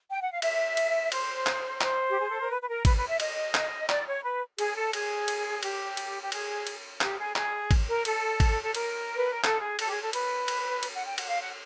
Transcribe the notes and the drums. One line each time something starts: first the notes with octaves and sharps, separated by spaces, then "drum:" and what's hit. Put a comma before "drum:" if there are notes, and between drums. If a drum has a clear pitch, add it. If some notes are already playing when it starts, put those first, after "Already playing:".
G5
F#5
F5
E5, drum: cymbal
drum: cymbal
C5, drum: cymbal
drum: clap
C5, drum: clap
G4
G#4
A4
A#4
B4
B4
A#4
B4, drum: kick G#1, cymbal
B4
E5
D#5, drum: cymbal
drum: clap
D5, drum: clap
C#5
B4
G#4, drum: cymbal
A4
G#4, drum: cymbal
drum: cymbal
G4, drum: cymbal
drum: cymbal
G4
G#4, drum: cymbal
drum: cymbal
G4, drum: clap
G#4
G#4, drum: clap
drum: kick G#1, cymbal
A#4
A4, drum: cymbal
drum: kick G#1, cymbal
A4
A#4, drum: cymbal
B4
A#4
A4, drum: clap
G#4
A4, drum: cymbal
G4
G#4
A4
B4, drum: cymbal
drum: cymbal
drum: cymbal
F#5
G5
F#5, drum: cymbal
F5
F#5